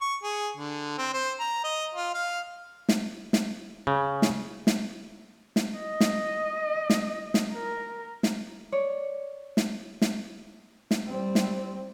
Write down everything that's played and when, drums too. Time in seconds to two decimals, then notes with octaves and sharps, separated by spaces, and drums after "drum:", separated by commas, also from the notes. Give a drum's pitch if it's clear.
0.01 C#6
0.23 G#4
0.57 D3
0.98 C4
1.13 C5
1.39 A#5
1.64 D#5
1.95 F4
2.14 F5
2.89 drum: snare
3.33 drum: snare
3.87 C#3
4.22 drum: snare
4.67 drum: snare
5.56 drum: snare
5.78 D#5
6.00 drum: snare
6.90 drum: snare
7.34 drum: snare
7.53 A#4
8.23 drum: snare
8.72 C#5 D5
9.57 drum: snare
10.02 drum: snare
10.91 drum: snare
11.07 G3 C4
11.35 drum: snare